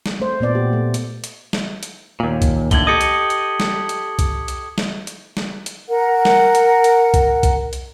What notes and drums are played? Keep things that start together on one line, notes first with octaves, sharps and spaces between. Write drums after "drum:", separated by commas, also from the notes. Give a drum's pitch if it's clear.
drum: snare
A3 C5
A#2 B3 D5
G4
A3
drum: hi-hat
drum: hi-hat
drum: snare
drum: hi-hat
D#2 A#2
drum: kick B1, hi-hat
D#2 A2 D3 G#6 F#7 G7, drum: kick B1, hi-hat
G4 A4 D#5 D#6 G#6 C#7
drum: hi-hat
drum: hi-hat
drum: snare
drum: hi-hat
drum: kick B1, hi-hat
drum: hi-hat
drum: snare
drum: hi-hat
drum: snare
drum: hi-hat
A#4 F#5
drum: snare
drum: hi-hat
drum: hi-hat
drum: kick B1, hi-hat
drum: kick B1, hi-hat
drum: hi-hat